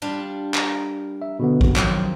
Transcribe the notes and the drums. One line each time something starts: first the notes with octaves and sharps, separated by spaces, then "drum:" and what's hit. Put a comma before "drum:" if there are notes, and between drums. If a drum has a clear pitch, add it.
G3 D4 F4
A#4, drum: clap
E5
B2 D3 B3
drum: kick A1
D#3 F3 F#3 C4, drum: clap